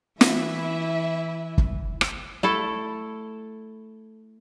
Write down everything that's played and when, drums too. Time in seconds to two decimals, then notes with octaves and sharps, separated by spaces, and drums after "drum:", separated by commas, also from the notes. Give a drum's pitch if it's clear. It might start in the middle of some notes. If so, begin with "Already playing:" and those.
0.21 E3 E4 E5, drum: snare
1.58 drum: kick
2.01 drum: rim click
2.43 A3 E4 A4